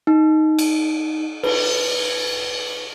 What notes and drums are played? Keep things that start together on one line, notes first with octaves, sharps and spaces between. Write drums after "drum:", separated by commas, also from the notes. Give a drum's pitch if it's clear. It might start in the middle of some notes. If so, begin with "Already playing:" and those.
D#4
drum: cymbal
B4, drum: cymbal